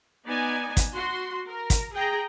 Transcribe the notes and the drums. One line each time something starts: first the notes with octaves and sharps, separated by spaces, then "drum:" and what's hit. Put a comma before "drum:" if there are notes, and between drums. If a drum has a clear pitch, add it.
B3 D#4 D5 G#5
drum: kick, hi-hat
F#4 C6
A#4
drum: kick, hi-hat
G#4 G5 A#5